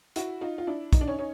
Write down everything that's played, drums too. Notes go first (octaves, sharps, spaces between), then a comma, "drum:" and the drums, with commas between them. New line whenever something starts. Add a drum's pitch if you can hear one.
E4 F#4, drum: hi-hat
D#4 F4
F4
D4 E4
D#4, drum: kick, hi-hat
D4
C#4 D#4
C#4 D#4